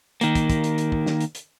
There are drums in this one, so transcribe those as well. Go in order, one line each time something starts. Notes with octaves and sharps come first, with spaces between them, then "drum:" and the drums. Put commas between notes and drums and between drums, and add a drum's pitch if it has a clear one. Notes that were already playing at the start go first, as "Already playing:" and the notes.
D#3 A#3, drum: hi-hat
drum: kick, hi-hat
drum: kick, hi-hat
drum: hi-hat
drum: hi-hat
drum: kick
drum: snare
drum: hi-hat
drum: hi-hat